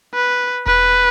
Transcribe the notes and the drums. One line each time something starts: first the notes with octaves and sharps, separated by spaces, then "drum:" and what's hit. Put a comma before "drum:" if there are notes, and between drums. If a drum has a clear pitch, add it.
B4
B4, drum: kick E1